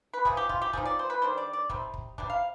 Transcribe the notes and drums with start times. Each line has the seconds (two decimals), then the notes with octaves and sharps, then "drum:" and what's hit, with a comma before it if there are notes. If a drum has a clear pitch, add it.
0.13 B4
0.25 C3 F3 G#3 B3 G#4, drum: kick
0.37 G4
0.49 F4, drum: kick
0.62 G4
0.73 F3 C4 D#4 G#4, drum: kick
0.85 D5
0.99 C5
1.10 B4
1.21 D#3 G3 D4 C5
1.37 D5
1.53 D5
1.69 C3 G3 C4 D#4, drum: kick
1.94 drum: kick
2.18 C3 G3 D4, drum: kick
2.30 F5